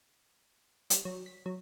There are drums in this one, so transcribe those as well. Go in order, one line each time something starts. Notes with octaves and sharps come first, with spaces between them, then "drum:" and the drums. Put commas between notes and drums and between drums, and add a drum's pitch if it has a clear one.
G3, drum: hi-hat
F#3
B6
F#3